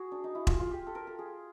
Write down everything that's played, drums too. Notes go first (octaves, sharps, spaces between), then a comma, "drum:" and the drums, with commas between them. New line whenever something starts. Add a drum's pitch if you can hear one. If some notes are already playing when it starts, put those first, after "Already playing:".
Already playing: F#4 G#4
D4
D#4
E4
F4, drum: kick E1
F4
G4
A4
A#4
A4
G#4